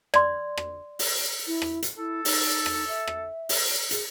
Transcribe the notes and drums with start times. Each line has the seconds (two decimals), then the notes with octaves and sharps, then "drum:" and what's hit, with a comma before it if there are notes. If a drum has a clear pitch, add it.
0.14 D5 C6, drum: rim click
0.57 drum: rim click
0.99 drum: open hi-hat
1.47 E4
1.62 drum: rim click
1.82 drum: hi-hat
1.98 E4 A4
2.25 D#4, drum: open hi-hat
2.66 drum: rim click
2.88 E5
3.07 drum: rim click
3.49 drum: open hi-hat
3.91 G#4, drum: hi-hat